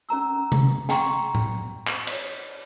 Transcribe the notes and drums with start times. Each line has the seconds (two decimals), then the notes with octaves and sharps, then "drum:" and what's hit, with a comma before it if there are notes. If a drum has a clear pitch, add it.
0.09 C#4 A#4 A#5 E6
0.52 drum: tom C3
0.89 F#5 G5 A#5 C6 C#6, drum: snare
1.35 drum: tom A2
1.87 drum: clap
2.07 C#5 D5, drum: cymbal